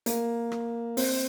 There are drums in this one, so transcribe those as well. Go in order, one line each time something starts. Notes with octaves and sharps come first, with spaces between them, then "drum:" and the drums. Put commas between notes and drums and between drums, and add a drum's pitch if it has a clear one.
A#3, drum: hi-hat
drum: rim click
C4, drum: open hi-hat